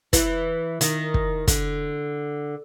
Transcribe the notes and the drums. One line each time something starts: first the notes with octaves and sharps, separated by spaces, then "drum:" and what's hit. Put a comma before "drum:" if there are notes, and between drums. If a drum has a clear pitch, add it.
E3, drum: kick, hi-hat
D#3, drum: hi-hat
drum: kick
D3, drum: kick, hi-hat